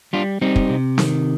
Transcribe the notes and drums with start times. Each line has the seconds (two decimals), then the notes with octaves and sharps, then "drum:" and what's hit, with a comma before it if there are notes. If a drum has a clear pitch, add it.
0.13 G3 D4 F4
0.41 G3 C4 D#4
0.56 drum: kick
0.69 C3
0.98 D#3, drum: snare C4